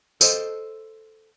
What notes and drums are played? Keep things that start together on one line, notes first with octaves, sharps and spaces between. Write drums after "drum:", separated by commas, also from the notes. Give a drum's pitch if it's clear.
A4 C5 D#5, drum: tambourine